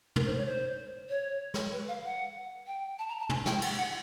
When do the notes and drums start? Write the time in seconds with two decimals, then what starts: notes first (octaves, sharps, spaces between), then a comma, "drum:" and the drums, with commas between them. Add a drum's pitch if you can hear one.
0.16 A#4, drum: tom
0.26 C5
0.38 C#5
0.47 C5
1.10 C#5
1.54 drum: snare
1.73 B4
1.88 F5
2.05 F#5
2.67 G5
2.99 A5
3.09 A#5
3.20 A5
3.29 G#5, drum: tom
3.46 G5, drum: snare
3.62 F#5, drum: cymbal
3.77 F#5